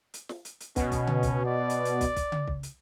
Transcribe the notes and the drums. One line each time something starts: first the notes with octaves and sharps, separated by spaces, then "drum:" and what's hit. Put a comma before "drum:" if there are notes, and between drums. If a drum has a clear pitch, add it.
drum: hi-hat
drum: snare
drum: hi-hat
drum: hi-hat
B2 C#4, drum: kick, hi-hat
drum: kick, hi-hat
drum: tom C#3
drum: kick, hi-hat
D5
drum: hi-hat
drum: hi-hat
drum: kick, hi-hat
drum: kick, hi-hat
drum: tom C#3
drum: kick
drum: hi-hat